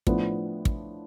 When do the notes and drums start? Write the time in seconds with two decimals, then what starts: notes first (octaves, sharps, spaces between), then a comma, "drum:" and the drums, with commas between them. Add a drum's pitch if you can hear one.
0.07 A2 F3 B3 D4, drum: kick
0.65 drum: kick